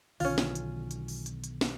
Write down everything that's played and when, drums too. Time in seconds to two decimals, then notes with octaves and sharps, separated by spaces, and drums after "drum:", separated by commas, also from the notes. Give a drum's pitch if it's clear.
0.20 B1 D3 D#3 C#4 F4, drum: open hi-hat
0.38 drum: snare
0.55 drum: hi-hat
0.91 drum: hi-hat
1.08 drum: open hi-hat
1.26 drum: hi-hat
1.44 drum: hi-hat
1.61 drum: snare